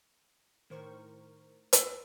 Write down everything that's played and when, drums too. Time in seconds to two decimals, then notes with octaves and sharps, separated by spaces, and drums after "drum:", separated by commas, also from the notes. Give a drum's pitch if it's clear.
0.70 A2 D#3 A#4 C5 C#6
1.73 drum: hi-hat